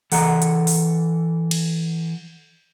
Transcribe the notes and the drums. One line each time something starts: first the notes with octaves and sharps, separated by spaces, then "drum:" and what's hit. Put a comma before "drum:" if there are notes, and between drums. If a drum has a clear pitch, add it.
E3 A4 F#5 A#5, drum: open hi-hat
drum: hi-hat
drum: open hi-hat
drum: cymbal